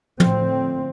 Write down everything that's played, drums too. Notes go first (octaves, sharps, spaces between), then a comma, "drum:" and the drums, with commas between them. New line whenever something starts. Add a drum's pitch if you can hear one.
A2 D3 F3 C4, drum: tom